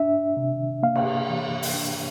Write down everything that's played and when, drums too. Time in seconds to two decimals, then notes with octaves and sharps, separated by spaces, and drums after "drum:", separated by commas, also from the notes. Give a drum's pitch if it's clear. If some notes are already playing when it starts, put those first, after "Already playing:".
Already playing: D4 E5
0.37 C3
0.83 A#3 F5
0.96 drum: cymbal
1.29 E3
1.63 drum: open hi-hat
1.74 D4